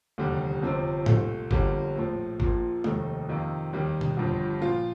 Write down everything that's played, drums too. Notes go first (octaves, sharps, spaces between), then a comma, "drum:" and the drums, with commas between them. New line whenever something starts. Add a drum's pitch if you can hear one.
F1 D#2 D3 G3
G1 F2 C3 F3 C4
C2 A#2 A3 C4, drum: tom A2
G1 F2 D3 G3 A#3, drum: kick
A#1 A2 F3 C4
A#1 A#2 F3 A#3, drum: kick
F1 D#2 D#3 A3, drum: tom G#3
F2 C3 D#3 A#3 F4
D#2 D#3 G3 A#3
drum: tom B2
G1 G2 F3 C4
A#2 F3 C4 F4